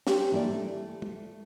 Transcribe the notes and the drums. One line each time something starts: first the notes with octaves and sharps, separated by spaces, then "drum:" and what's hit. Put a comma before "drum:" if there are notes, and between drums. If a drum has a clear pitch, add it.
D4 G4 C5, drum: snare
E3 A#3 A4 D5
A3
drum: tom